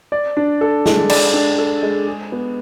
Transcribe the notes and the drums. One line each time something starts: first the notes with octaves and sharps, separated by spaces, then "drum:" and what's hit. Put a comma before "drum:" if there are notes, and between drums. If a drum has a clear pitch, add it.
D5
D4
A4
G#3, drum: snare
D5, drum: cymbal
D4
A4
G#3
G#4
B3